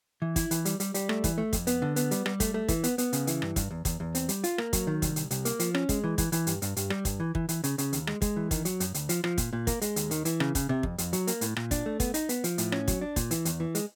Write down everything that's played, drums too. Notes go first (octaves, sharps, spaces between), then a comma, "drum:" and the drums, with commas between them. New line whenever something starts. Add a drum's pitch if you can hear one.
E3
E4, drum: kick, hi-hat
E3, drum: hi-hat
G3, drum: hi-hat
G3, drum: hi-hat
G3, drum: hi-hat
A3, drum: rim click
E3, drum: kick, hi-hat
A3
F2, drum: kick, hi-hat
B3, drum: hi-hat
D3
B3, drum: hi-hat
G3, drum: hi-hat
G3, drum: rim click
A3, drum: kick, hi-hat
A3
E3, drum: kick, hi-hat
B3, drum: hi-hat
B3, drum: hi-hat
C#3, drum: hi-hat
E3, drum: hi-hat
G2, drum: rim click
G2, drum: kick, hi-hat
E2
E2, drum: kick, hi-hat
E2
C4, drum: hi-hat
G3, drum: hi-hat
F4, drum: hi-hat
A#3, drum: rim click
F#3, drum: kick, hi-hat
D#3
C2, drum: kick, hi-hat
C2, drum: hi-hat
C2, drum: hi-hat
A#3, drum: hi-hat
F3, drum: hi-hat
C#4, drum: rim click
G#3, drum: kick, hi-hat
E3
E3, drum: kick, hi-hat
E3, drum: hi-hat
G2, drum: hi-hat
G2, drum: hi-hat
G2, drum: hi-hat
G3, drum: rim click
G2, drum: kick, hi-hat
E3
E3, drum: kick
E3, drum: hi-hat
C#3, drum: hi-hat
C#3, drum: hi-hat
D#2, drum: hi-hat
G#3, drum: rim click
G#3, drum: kick, hi-hat
E3
D#3, drum: kick, hi-hat
F#3, drum: hi-hat
F#2, drum: hi-hat
D2, drum: hi-hat
F3, drum: hi-hat
F3, drum: rim click
A#2, drum: kick, hi-hat
A#2
A#3, drum: kick, hi-hat
G#3, drum: hi-hat
D#2, drum: hi-hat
D#3, drum: hi-hat
E3, drum: hi-hat
C#3, drum: rim click
C#3, drum: kick, hi-hat
C3
F2, drum: kick
F2, drum: hi-hat
F#3, drum: hi-hat
A#3, drum: hi-hat
A2, drum: hi-hat
A#2, drum: rim click
D4, drum: kick, hi-hat
A3
B3, drum: kick, hi-hat
D#4, drum: hi-hat
B3, drum: hi-hat
F3, drum: hi-hat
A2, drum: hi-hat
C#4, drum: rim click
F#3, drum: kick, hi-hat
D4
A#2, drum: kick, hi-hat
E3, drum: hi-hat
E2, drum: hi-hat
E3
G#3, drum: hi-hat